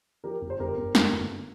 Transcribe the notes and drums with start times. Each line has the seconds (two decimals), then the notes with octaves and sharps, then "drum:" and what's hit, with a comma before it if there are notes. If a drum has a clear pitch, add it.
0.24 F3 G4 A#4
0.41 G1
0.50 C5
0.59 G1 G4 A#4
0.77 G1
0.95 G1, drum: snare
1.12 G1